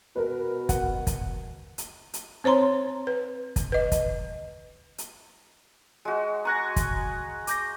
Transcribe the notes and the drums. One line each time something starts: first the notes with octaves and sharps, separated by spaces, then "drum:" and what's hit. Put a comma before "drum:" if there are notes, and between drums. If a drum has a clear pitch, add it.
B2 A#4 B4
F#5, drum: kick, hi-hat
drum: kick, hi-hat
drum: hi-hat
drum: hi-hat
C4 C5 C#5 A#5 C6
B4
drum: kick, hi-hat
B4 D#5
drum: kick, hi-hat
drum: hi-hat
G#3 F#4
G#5 A#5 C#6 D#6 F#6 A#6
drum: kick, hi-hat
D6 G6 A#6, drum: hi-hat